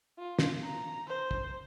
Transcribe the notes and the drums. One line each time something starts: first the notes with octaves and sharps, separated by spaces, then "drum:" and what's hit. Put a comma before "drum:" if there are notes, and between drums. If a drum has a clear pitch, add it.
F4
drum: snare
A#5
C5
drum: kick